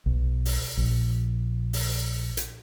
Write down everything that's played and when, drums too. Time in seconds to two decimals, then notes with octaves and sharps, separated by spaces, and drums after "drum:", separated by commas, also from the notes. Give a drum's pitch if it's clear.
0.06 B1
0.45 drum: open hi-hat
0.77 A#1
1.73 drum: open hi-hat
2.37 drum: hi-hat